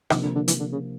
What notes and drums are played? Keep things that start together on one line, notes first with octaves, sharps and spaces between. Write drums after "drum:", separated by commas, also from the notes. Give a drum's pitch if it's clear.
C3 D#3 F3 A#3 D4, drum: rim click
D3
D3
E3, drum: hi-hat
D3
C#3